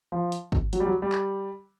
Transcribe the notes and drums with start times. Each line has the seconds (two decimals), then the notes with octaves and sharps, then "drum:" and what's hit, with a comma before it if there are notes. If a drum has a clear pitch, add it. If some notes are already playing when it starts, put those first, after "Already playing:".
0.12 F3
0.32 drum: hi-hat
0.52 drum: kick
0.73 F#3, drum: hi-hat
0.80 G3
0.86 F#3
1.02 G3
1.12 drum: clap